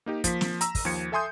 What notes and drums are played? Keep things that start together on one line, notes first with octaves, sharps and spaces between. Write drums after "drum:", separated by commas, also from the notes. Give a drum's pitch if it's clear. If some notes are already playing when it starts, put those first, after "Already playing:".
A#3 D#4 G4
F3 A#3 B6, drum: kick, hi-hat
drum: snare
A#5 E6, drum: hi-hat
drum: kick, open hi-hat
D#2 F3 G#6 C#7
A4 E5 G#5 C6 D#6 G6